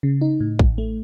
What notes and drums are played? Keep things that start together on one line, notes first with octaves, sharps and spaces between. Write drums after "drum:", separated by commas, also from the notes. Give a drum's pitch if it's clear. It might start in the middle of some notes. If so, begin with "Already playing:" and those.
C#3
D#4
A2
A1, drum: kick A#1
A3